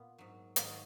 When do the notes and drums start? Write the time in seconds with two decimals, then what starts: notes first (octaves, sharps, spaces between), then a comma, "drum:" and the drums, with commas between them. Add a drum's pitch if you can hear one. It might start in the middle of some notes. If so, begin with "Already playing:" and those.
Already playing: A#2 B3
0.18 G#2 F#3
0.56 G#2 D#3 F#3 D#4, drum: hi-hat